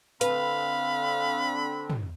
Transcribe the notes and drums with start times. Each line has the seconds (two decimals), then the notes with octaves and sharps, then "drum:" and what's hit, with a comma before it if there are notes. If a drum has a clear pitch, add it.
0.21 D3 C4 D4 B4 F5 B5, drum: hi-hat
1.90 drum: tom